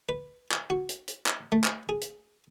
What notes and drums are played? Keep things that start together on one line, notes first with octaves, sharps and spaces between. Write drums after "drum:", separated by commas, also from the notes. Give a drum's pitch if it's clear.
B4
drum: clap
F#4
drum: hi-hat
drum: hi-hat
drum: clap
A3
drum: clap
G#4
drum: hi-hat